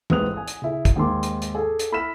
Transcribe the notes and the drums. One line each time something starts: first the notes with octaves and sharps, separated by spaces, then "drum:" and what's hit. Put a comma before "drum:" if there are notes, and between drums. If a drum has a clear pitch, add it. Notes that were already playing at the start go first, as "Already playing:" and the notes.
A1 G#2 B3 D#6 F#6 F7, drum: tom E3
G#5 D#6
drum: hi-hat
C#3 E4 G#4
drum: kick, hi-hat
D#2 G#2 D#3 G#5 C6 D6
drum: hi-hat
drum: hi-hat
G#4 A4 G#5
drum: hi-hat
E4 B5 E6 F6 B6 E7